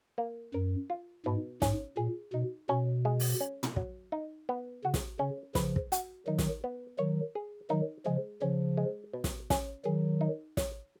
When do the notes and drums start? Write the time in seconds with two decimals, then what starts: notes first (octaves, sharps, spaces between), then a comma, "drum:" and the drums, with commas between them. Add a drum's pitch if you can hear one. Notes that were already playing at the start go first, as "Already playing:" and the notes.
0.18 A#3
0.54 F#2 A#4
0.90 F4
1.26 G#2 B2
1.62 G#2 C#4, drum: snare
1.97 A#2 G#4
2.33 B2 D#4
2.69 B2 C#4
3.05 G#3
3.20 drum: open hi-hat
3.40 C#4
3.63 drum: tom
3.76 F#3, drum: kick
4.12 D#4
4.49 B3
4.84 C#3 F#4
4.94 drum: snare
5.19 C#3 C#4
5.55 C#3 F3 B4, drum: snare
5.76 drum: kick
5.92 F#4, drum: hi-hat
6.27 D#3 F#3 D#4
6.38 drum: snare
6.64 B3
6.99 D#3 F#3 C#5
7.35 G#4
7.70 D#3 F#3 D#4
8.06 C#3 F3 G#3
8.42 C#3 F3 C#4
8.77 G#3
9.13 B2
9.24 drum: snare
9.50 C#4, drum: snare
9.85 D#3 F#3 G#4
10.21 D#4
10.57 C#5, drum: snare